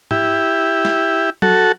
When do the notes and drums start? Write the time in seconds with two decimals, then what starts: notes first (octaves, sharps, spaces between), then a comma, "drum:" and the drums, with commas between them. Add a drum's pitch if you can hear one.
0.11 E4 G4, drum: tom G#2
0.85 drum: snare
1.42 F#4 A4, drum: tom F#3